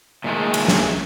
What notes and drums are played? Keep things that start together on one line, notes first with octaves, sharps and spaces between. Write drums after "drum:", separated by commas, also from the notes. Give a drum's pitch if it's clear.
A#2 D#3 G#3 A3
drum: cymbal
drum: snare